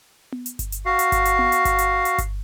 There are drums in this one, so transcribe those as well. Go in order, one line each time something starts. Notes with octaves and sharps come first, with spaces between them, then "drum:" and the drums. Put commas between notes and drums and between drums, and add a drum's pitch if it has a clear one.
drum: tom B3
drum: hi-hat
drum: kick G1, hi-hat
drum: hi-hat
F#4 F5
drum: hi-hat
drum: kick G1, hi-hat
drum: hi-hat
drum: tom B3
drum: hi-hat
drum: kick G1, hi-hat
drum: hi-hat
drum: hi-hat
drum: kick G1, hi-hat